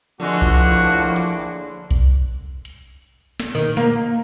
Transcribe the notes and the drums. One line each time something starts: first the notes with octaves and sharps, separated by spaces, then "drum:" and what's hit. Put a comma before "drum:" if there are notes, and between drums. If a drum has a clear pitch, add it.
A2 D3 F3 G#3 A#3 F#4
drum: kick B1, hi-hat
drum: hi-hat
drum: kick B1, hi-hat
drum: hi-hat
drum: snare
D#3
A#3